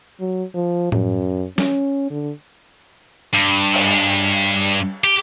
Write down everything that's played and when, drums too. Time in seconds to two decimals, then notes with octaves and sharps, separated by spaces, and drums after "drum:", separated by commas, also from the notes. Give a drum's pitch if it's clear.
0.20 F#3
0.54 F3
0.92 F#2, drum: tom A2
1.58 C#4, drum: snare
2.10 D3
3.34 G2
3.74 drum: cymbal
5.04 G4